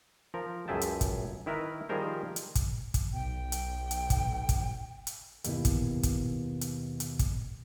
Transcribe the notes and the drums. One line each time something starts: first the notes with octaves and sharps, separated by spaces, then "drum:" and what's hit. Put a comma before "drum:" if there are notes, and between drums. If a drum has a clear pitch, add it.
F3 A#4
C#2 F#2 G#4 E5 G5 A5
drum: hi-hat
drum: kick, hi-hat
D#3 E4 A#4 B4
D#3 F3 G3 G#4 A#4 C5
drum: hi-hat
drum: kick, hi-hat
drum: kick, hi-hat
B1 G5
drum: hi-hat
drum: hi-hat
drum: kick, hi-hat
drum: kick, hi-hat
drum: hi-hat
D#2 B2 E4, drum: hi-hat
drum: kick, hi-hat
drum: kick, hi-hat
drum: hi-hat
drum: hi-hat
drum: kick, hi-hat